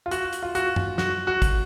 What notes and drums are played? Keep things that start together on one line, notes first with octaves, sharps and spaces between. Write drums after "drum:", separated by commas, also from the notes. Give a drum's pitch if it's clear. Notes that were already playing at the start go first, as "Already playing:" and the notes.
F4
F#4, drum: hi-hat
drum: hi-hat
F4
F#4, drum: hi-hat
drum: tom F#2
F#4, drum: snare
F#4
drum: kick, hi-hat